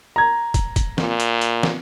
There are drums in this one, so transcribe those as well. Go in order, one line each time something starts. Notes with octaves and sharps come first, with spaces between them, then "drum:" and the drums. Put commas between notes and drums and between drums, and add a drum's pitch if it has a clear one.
A#5 G#6
drum: kick, hi-hat
drum: kick, hi-hat
A#2, drum: snare
drum: hi-hat
drum: hi-hat
drum: snare